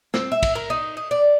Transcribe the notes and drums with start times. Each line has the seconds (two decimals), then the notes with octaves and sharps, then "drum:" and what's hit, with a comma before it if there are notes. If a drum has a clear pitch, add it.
0.14 C4, drum: snare
0.32 E5
0.43 drum: kick, cymbal
0.55 A#4
0.70 D#4
0.97 D#5
1.11 D5